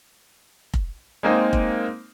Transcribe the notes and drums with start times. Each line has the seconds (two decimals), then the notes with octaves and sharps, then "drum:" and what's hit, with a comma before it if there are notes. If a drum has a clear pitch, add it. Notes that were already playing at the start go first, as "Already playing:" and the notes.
0.74 drum: kick F1
1.23 G#3 A#3 C4 D#4
1.53 drum: kick F1